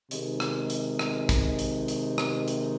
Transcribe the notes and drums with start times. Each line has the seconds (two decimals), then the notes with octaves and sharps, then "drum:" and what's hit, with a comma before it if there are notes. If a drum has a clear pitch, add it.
0.11 C3 D#3 G#3, drum: hi-hat
0.40 drum: rim click
0.70 drum: hi-hat
0.99 drum: rim click
1.29 drum: kick, hi-hat
1.59 drum: hi-hat
1.88 drum: hi-hat
2.18 drum: rim click
2.48 drum: hi-hat